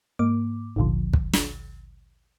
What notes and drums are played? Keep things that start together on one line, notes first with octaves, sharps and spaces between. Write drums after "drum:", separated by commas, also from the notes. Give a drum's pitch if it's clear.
G#2 A#3 D6
G#1 D2 A#2 D3 F3
drum: kick
drum: snare